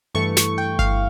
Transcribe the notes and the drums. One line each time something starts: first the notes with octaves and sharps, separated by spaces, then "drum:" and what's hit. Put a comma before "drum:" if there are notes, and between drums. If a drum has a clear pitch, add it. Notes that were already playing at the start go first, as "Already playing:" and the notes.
G2 E3 A3 C#6
C#6, drum: snare
G5
F5, drum: kick G1